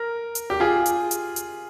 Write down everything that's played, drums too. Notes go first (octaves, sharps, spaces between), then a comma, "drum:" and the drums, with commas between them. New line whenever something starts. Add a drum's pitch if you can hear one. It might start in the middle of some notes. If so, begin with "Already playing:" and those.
Already playing: A#4
drum: hi-hat
G4
F4 G#4
drum: hi-hat
drum: hi-hat
drum: hi-hat